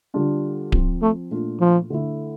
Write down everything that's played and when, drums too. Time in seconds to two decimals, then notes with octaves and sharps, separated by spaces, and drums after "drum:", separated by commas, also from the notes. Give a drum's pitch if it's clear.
0.14 D3 G3 D4 F4
0.72 F3 C4 F4, drum: kick D1
1.02 A3
1.31 A#2 A3 D4 F4
1.60 F3
1.90 D3 A3 E4